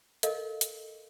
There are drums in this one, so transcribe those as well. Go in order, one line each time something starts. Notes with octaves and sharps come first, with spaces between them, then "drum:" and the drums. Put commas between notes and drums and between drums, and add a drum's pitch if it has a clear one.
A4 A#4 D#5 F5, drum: hi-hat
drum: hi-hat